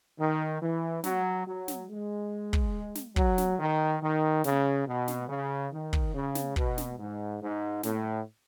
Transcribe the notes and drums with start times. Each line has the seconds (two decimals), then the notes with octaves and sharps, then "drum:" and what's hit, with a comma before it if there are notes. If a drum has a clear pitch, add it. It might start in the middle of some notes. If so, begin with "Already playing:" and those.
0.19 D#3
0.61 E3
1.04 F#3, drum: snare
1.46 F#3
1.68 drum: snare
1.90 G#3
2.53 drum: kick
2.95 drum: snare
3.16 F#3, drum: kick
3.38 drum: snare
3.59 D#3
4.02 D#3
4.44 C#3, drum: snare
4.87 B2
5.08 drum: snare
5.29 C#3
5.72 D#3
5.93 drum: kick
6.14 C#3
6.35 drum: snare
6.56 B2, drum: kick
6.78 drum: snare
6.99 G#2
7.42 G#2
7.83 A2, drum: snare